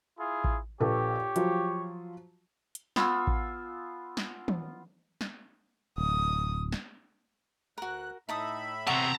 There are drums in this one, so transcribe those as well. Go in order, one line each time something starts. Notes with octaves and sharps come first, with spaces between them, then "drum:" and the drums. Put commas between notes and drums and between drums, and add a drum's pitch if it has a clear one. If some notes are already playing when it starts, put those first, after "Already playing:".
E4 F4 G#4
drum: kick A1
A#1 G4 A4 B4 C#5 C#6
F3 F#3 F4, drum: hi-hat
drum: hi-hat
B3 F4 G#5 E6, drum: snare
drum: kick A1
drum: snare
drum: tom
drum: snare
D1 D#6
drum: snare
D2 F#4 A#4 F#6
A2 D#4 E5 A5 B5 D#6
E2 C3 F#5 A5 A#5 C#6